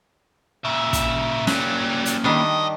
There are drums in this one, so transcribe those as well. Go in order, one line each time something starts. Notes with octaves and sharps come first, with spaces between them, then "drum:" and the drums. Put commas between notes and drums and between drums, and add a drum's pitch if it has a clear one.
A#2 C#3 E5
drum: kick, hi-hat
F#3 G3 A#3 C#4, drum: snare
drum: hi-hat
F2 D#3 G3 D4 D#5